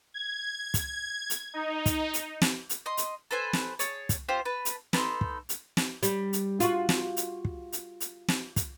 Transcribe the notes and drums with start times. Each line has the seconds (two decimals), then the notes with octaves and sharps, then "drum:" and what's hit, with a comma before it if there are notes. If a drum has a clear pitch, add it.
0.14 G#6
0.74 drum: kick, hi-hat
1.30 drum: hi-hat
1.54 D#4
1.86 drum: kick, hi-hat
2.14 drum: hi-hat
2.42 drum: snare
2.69 drum: hi-hat
2.86 D#5 C6
2.97 drum: hi-hat
3.31 A4 B4 C5 G#5
3.53 drum: snare
3.79 G#4 C#5 A5, drum: hi-hat
4.09 drum: kick, hi-hat
4.29 C4 F4 G4 C5
4.45 B4 A5
4.65 drum: hi-hat
4.93 B3 D#4 A4 C6, drum: snare
5.21 drum: kick
5.49 drum: hi-hat
5.77 drum: snare
6.03 G3, drum: hi-hat
6.33 drum: hi-hat
6.60 F4 F#4, drum: hi-hat
6.89 drum: snare
7.17 drum: hi-hat
7.45 drum: kick
7.73 drum: hi-hat
8.00 drum: hi-hat
8.28 drum: snare
8.56 drum: kick, hi-hat